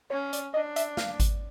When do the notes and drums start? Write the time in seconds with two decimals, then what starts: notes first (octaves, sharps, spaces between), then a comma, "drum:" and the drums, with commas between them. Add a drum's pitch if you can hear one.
0.10 C#4 C#5
0.33 D5, drum: hi-hat
0.54 D4 D#5
0.76 E5, drum: hi-hat
0.97 F5, drum: snare
1.20 drum: kick G#1, hi-hat